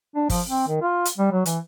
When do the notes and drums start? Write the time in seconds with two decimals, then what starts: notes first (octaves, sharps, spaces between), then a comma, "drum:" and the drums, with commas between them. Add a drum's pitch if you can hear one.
0.15 D4
0.30 F3, drum: kick G1, open hi-hat
0.48 C4
0.68 D#3
0.82 F4
1.05 drum: hi-hat
1.18 G3
1.32 F#3
1.46 E3, drum: hi-hat